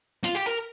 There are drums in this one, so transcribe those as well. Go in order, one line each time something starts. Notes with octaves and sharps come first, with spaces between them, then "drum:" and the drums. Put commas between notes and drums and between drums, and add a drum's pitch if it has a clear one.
F4, drum: hi-hat
G4
A#4